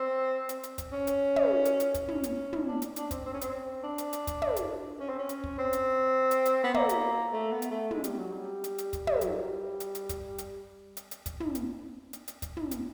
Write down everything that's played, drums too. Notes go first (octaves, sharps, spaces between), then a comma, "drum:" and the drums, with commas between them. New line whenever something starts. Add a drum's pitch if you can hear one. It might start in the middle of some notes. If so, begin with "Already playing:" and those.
Already playing: C4
drum: hi-hat
drum: hi-hat
drum: kick, hi-hat
C#4
drum: hi-hat
drum: tom
drum: hi-hat
drum: hi-hat
drum: kick, hi-hat
C#4, drum: tom
drum: hi-hat
drum: tom
D4
drum: hi-hat
D4, drum: hi-hat
C4, drum: kick, hi-hat
C4
C#4
C4, drum: hi-hat
D4
drum: hi-hat
drum: hi-hat
drum: kick, hi-hat
drum: tom
drum: hi-hat
C#4
C4
C#4
drum: hi-hat
drum: kick
C4
drum: hi-hat
drum: hi-hat
drum: hi-hat
B3
A#3, drum: tom
drum: hi-hat
A3
B3
drum: hi-hat
A3
G#3, drum: tom
G3, drum: hi-hat
F#3
G3
drum: hi-hat
drum: hi-hat
drum: kick, hi-hat
G3, drum: tom
F#3, drum: hi-hat
G3
drum: hi-hat
drum: hi-hat
drum: kick, hi-hat
drum: hi-hat
drum: hi-hat
drum: hi-hat
drum: kick, hi-hat
drum: tom
drum: hi-hat
drum: hi-hat
drum: hi-hat
drum: kick, hi-hat
drum: tom
drum: hi-hat